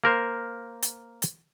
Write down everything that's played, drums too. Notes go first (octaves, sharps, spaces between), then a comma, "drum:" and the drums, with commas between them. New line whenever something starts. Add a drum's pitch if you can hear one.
A#3 A#4 C5
drum: hi-hat
drum: hi-hat